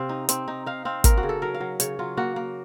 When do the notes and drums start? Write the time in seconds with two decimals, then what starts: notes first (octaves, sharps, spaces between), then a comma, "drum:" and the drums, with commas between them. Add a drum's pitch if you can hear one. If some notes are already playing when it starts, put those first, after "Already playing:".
Already playing: C3 C4 F5
0.09 D#4
0.29 C4, drum: hi-hat
0.48 D#4
0.66 D#4 F5
0.85 C4 F5
1.04 A#3 A#4, drum: kick, hi-hat
1.17 F#4
1.23 C#3
1.29 A4
1.42 F#3 A#4
1.54 F5
1.60 F#3
1.80 C#3 C#5, drum: hi-hat
1.99 F#3 F4
2.17 A#3 F#4
2.36 A#3